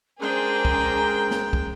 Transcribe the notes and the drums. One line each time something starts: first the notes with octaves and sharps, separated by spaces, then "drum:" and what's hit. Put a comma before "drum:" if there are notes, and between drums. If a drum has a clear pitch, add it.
G#3 C#4 D4 G#4 A#4 C5 G5
drum: kick
drum: snare
drum: kick